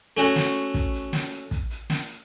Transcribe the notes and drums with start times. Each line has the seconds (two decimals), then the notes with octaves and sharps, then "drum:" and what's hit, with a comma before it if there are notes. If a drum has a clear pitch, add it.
0.17 A3 C#4 F#4, drum: hi-hat
0.36 drum: snare
0.55 drum: hi-hat
0.74 drum: kick, hi-hat
0.94 drum: hi-hat
1.13 drum: snare
1.32 drum: hi-hat
1.51 drum: kick, hi-hat
1.70 drum: hi-hat
1.90 drum: snare
2.09 drum: hi-hat